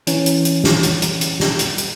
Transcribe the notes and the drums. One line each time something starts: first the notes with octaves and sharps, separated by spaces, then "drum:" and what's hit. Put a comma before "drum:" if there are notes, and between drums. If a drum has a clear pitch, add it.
E3 C#4, drum: hi-hat
drum: hi-hat
drum: hi-hat
drum: snare
drum: hi-hat
drum: hi-hat
drum: hi-hat
drum: snare
drum: hi-hat
drum: hi-hat